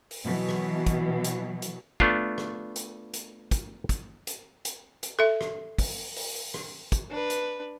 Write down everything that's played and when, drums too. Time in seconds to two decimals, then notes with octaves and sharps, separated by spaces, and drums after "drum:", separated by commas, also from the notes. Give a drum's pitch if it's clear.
0.11 drum: open hi-hat
0.23 B2 E3 F#3
0.49 drum: rim click
0.86 drum: kick, hi-hat
1.24 drum: hi-hat
1.62 drum: hi-hat
2.00 A3 B3 D4 F4, drum: kick
2.38 drum: rim click
2.76 drum: hi-hat
3.14 drum: hi-hat
3.51 drum: kick, hi-hat
3.89 drum: kick, hi-hat
4.27 drum: hi-hat
4.65 drum: hi-hat
5.03 drum: hi-hat
5.19 A4 E5
5.41 drum: rim click
5.78 drum: kick, open hi-hat
6.16 drum: open hi-hat
6.54 drum: rim click
6.92 drum: kick, hi-hat
7.10 D4 B4
7.30 drum: hi-hat